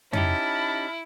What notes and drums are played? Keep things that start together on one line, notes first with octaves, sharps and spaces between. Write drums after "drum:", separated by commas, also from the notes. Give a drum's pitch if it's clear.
C#4 D#4 E4 G4 A5 B5 F6, drum: tom F2